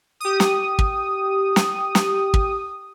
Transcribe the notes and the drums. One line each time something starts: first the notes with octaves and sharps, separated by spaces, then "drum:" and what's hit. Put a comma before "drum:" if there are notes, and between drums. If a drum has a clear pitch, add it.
G4 D#6
drum: snare
drum: kick
drum: snare
drum: snare
drum: kick